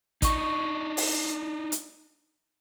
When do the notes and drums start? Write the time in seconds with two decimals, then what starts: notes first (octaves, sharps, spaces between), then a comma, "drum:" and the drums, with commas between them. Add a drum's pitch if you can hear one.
0.22 D4 D#4 D#5 C#6, drum: kick, hi-hat
0.97 drum: open hi-hat
1.72 drum: hi-hat